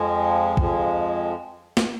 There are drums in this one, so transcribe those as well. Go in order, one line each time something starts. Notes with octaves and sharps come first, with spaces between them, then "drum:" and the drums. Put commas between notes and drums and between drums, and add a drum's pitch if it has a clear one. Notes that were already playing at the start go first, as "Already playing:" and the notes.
Already playing: F2 F3 G#3
F2 F3 G#3, drum: kick
drum: snare